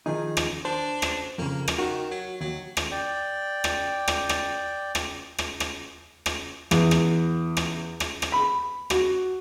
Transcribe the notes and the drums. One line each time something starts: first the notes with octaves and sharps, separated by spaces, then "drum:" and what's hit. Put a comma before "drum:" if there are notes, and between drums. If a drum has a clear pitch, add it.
D#3 F3 D#4 G#4
drum: rim click
D4 C5
drum: rim click
F2 C#3 A#3
drum: rim click
D#3 F#4
F#3
D#2 F#3
drum: rim click
D5 G5
drum: rim click
drum: rim click
drum: rim click
drum: rim click
drum: rim click
drum: rim click
drum: rim click
E2, drum: rim click
drum: rim click
drum: rim click
drum: rim click
drum: rim click
B5
F#4, drum: rim click